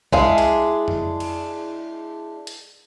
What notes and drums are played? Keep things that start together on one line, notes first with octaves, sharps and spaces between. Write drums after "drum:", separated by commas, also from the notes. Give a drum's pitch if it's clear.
G#3 D4 E4 G#4 F5, drum: kick
drum: hi-hat
drum: tom F2
drum: cymbal
drum: hi-hat